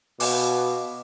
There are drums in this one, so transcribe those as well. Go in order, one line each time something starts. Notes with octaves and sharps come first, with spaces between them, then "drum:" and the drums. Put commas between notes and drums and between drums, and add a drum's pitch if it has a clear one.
B2 F5 G#5 D6, drum: open hi-hat